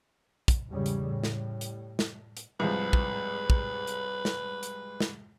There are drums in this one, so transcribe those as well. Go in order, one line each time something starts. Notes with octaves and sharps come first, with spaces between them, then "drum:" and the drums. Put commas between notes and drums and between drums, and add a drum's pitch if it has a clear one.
drum: kick, hi-hat
E2 G#2 C#3 G3
drum: hi-hat
A2 G3
drum: snare
drum: hi-hat
drum: snare
drum: hi-hat
C2 G#2 F3 B4
drum: kick
drum: kick
drum: hi-hat
drum: snare
drum: hi-hat
drum: snare